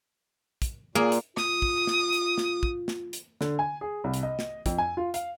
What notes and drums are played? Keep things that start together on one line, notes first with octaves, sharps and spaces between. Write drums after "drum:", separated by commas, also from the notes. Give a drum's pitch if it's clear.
drum: kick, hi-hat
A#2 A#3 G#4
drum: hi-hat
F4 D#6, drum: snare
drum: kick
drum: snare
drum: hi-hat
drum: snare
drum: kick
drum: snare
drum: hi-hat
D3, drum: snare
G#5
G#4
C2
drum: hi-hat
D#5
drum: snare
F2, drum: kick, hi-hat
G#5
F4
F5, drum: hi-hat